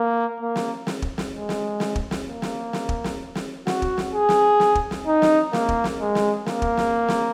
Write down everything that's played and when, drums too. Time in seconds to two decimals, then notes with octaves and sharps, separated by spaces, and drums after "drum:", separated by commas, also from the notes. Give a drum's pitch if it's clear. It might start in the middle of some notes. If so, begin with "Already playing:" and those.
Already playing: A#3
0.41 A#3
0.56 drum: snare
0.87 drum: snare
1.02 drum: kick
1.18 drum: snare
1.33 G#3
1.49 drum: snare
1.80 drum: snare
1.96 drum: kick
2.11 drum: snare
2.27 A#3
2.42 drum: snare
2.73 drum: snare
2.89 drum: kick
3.04 drum: snare
3.35 drum: snare
3.67 F#4, drum: snare
3.82 drum: kick
3.98 drum: snare
4.14 G#4
4.29 drum: snare
4.60 drum: snare
4.75 drum: kick
4.91 drum: snare
5.06 D#4
5.22 drum: snare
5.53 A#3, drum: snare
5.69 drum: kick
5.84 drum: snare
6.00 G#3
6.15 drum: snare
6.46 A#3, drum: snare
6.62 drum: kick
6.77 drum: snare
7.09 drum: snare